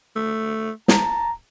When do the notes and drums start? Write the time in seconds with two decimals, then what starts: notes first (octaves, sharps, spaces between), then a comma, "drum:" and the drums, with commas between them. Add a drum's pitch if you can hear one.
0.16 A3
0.88 A5 A#5, drum: snare